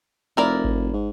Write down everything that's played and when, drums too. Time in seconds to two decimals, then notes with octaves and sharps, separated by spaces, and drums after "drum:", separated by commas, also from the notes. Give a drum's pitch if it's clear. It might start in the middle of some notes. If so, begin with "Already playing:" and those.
0.37 F1 E4 A#4 D5
0.64 drum: kick G#1
0.93 G#2